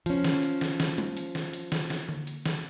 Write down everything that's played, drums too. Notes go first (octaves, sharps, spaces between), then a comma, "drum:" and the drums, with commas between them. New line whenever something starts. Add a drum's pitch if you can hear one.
F3 C#4, drum: hi-hat
drum: snare
drum: hi-hat
drum: snare
drum: snare
drum: tom G3
drum: hi-hat
drum: snare
drum: hi-hat
drum: snare
drum: snare
drum: tom D3
drum: hi-hat
drum: snare